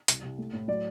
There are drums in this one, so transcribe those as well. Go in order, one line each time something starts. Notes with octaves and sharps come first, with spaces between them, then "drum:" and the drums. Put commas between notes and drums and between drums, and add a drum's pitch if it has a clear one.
C2, drum: hi-hat
C2
A3
A2
F#3 D5